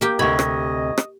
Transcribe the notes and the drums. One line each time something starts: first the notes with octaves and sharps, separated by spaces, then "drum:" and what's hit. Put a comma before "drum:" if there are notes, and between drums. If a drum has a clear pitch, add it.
A#3 G4 G5
D2 C3 D#5 B5 C#6 G#6
drum: rim click
drum: rim click